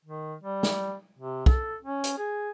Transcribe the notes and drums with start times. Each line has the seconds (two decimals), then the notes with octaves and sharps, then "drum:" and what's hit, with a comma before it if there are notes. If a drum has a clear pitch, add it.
0.05 D#3
0.43 G3
0.63 drum: snare
1.18 C3
1.46 A4, drum: kick
1.82 C#4
2.04 drum: hi-hat
2.18 G#4